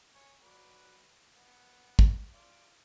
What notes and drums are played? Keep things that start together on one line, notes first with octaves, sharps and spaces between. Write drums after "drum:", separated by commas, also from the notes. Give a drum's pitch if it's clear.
C#5 G#5
F#3 B4 D5
B3
drum: kick
F4 D5